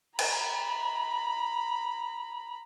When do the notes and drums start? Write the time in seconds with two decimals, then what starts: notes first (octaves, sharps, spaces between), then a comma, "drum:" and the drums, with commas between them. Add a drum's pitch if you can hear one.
0.19 A#5 B5, drum: cymbal